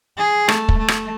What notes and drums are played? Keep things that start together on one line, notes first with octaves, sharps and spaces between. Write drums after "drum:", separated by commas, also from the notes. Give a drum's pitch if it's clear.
G#4
A3, drum: rim click
drum: kick
A3
drum: rim click